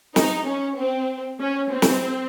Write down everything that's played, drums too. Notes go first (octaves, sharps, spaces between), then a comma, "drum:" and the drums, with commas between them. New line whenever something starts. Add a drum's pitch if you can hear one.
D#4, drum: snare
C#4
C4
C#4
C4
drum: snare